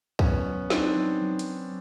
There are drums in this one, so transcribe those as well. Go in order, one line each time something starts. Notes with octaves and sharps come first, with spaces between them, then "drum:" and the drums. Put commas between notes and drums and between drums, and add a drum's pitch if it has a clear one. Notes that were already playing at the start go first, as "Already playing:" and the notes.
F#3 B3 C#4, drum: kick
F#3
C4 D4 D#4, drum: snare
F#3
F#3
drum: hi-hat